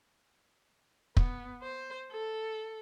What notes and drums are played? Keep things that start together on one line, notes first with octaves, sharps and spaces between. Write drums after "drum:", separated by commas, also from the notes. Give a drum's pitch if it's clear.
B3, drum: kick
C5
A4